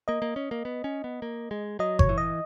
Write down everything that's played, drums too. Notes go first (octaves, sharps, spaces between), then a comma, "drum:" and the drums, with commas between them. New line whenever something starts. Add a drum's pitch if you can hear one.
A#3 D#5
A#3
C#4
A#3
B3
C#4
B3
A#3
G#3
F#3 D#5
C#5, drum: kick G1
E3
D#5